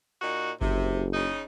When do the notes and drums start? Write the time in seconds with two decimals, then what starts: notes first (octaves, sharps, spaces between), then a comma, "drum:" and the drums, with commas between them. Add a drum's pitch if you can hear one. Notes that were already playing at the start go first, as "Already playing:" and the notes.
0.21 A#2 D#4 F#4
0.61 F#1 C3, drum: kick G1
1.14 C#3 D#4